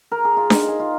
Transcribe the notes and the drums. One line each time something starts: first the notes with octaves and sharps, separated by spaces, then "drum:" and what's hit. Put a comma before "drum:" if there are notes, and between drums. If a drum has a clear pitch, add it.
A#4
G#4
F4
D#4, drum: snare D4
G#4
F4